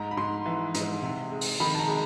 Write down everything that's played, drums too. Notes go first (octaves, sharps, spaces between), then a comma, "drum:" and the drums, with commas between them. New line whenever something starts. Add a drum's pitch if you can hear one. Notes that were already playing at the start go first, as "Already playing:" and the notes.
Already playing: G#2 A#5
B5
G#2 C6
E3
G#2, drum: hi-hat
C3
G#3
drum: open hi-hat
D#3 B5
A5
A#5
G#3